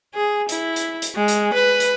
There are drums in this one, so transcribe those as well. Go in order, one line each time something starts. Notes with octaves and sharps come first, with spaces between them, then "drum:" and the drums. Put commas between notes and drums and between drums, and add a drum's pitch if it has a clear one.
G#4
E4, drum: hi-hat
drum: hi-hat
drum: hi-hat
G#3
drum: hi-hat
B4
drum: hi-hat